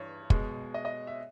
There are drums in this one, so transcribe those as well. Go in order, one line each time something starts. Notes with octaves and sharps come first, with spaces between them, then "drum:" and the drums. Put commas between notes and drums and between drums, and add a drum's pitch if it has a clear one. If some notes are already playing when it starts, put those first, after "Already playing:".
Already playing: G2 E3 C#5
B2 G#3, drum: kick
D#5
D#5
E5